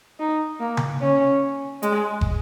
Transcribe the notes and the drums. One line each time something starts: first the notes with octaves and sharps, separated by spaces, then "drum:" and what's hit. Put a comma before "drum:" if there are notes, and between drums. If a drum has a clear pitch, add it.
D#4
A#3
drum: tom C#3
C#4
G#3, drum: hi-hat
drum: kick